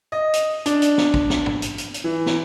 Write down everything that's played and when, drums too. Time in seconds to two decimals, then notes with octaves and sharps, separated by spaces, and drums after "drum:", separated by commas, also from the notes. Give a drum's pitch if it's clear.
0.12 D#5
0.34 drum: hi-hat
0.66 D4, drum: hi-hat
0.82 drum: hi-hat
0.98 drum: snare
1.14 drum: kick
1.30 drum: snare
1.46 drum: tom
1.62 drum: hi-hat
1.78 drum: hi-hat
1.94 drum: hi-hat
2.04 E3
2.26 drum: snare